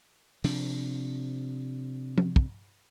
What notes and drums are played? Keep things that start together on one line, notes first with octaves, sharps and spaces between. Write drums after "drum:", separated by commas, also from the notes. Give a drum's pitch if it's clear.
C3 F3 D4, drum: open hi-hat
drum: tom F3
drum: kick